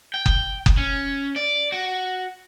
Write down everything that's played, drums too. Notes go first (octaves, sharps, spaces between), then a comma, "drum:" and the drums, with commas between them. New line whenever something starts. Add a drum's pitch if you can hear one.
G5
drum: kick F#1
drum: kick F#1
C#4
D5
F#4